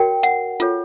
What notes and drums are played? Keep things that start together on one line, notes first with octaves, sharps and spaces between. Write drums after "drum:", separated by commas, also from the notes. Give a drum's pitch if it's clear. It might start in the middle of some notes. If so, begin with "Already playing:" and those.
Already playing: F#4 A#4 C#5 G5
F#5, drum: hi-hat
F4 A4 C#5, drum: hi-hat